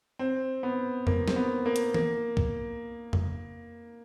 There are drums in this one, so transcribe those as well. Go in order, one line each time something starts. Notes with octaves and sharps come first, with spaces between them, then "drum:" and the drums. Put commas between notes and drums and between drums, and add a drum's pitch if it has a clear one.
C4
B3
A#3, drum: tom F2
C4, drum: snare
B3
A#3
drum: hi-hat
A#3, drum: tom E3
drum: kick B1
drum: tom F2